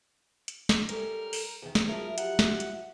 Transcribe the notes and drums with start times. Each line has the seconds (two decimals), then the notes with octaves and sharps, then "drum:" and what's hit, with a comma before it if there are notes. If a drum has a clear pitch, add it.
0.48 drum: hi-hat
0.69 drum: snare
0.89 G3 C#4 A4 A#4, drum: hi-hat
1.33 drum: open hi-hat
1.62 E2 D#3 G#4
1.75 drum: snare
1.88 F3 F#3 E4 A#4
2.18 G4 F#5, drum: hi-hat
2.39 drum: snare
2.60 drum: hi-hat